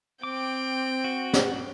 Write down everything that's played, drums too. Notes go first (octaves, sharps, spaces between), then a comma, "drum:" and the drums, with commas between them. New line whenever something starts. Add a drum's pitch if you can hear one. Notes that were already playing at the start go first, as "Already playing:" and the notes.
C4 G5 D6
F#4
drum: snare